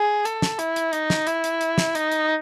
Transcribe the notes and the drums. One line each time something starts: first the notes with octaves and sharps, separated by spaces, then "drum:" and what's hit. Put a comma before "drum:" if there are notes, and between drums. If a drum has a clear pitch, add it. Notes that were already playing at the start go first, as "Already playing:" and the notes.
Already playing: G#4
A4, drum: hi-hat
drum: snare
E4, drum: hi-hat
drum: hi-hat
D#4, drum: hi-hat
drum: snare
E4, drum: hi-hat
drum: hi-hat
drum: hi-hat
drum: snare
D#4, drum: hi-hat
drum: hi-hat